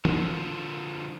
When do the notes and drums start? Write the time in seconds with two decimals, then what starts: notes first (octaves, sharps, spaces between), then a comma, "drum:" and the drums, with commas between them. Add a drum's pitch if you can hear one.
0.05 D3 F3, drum: tom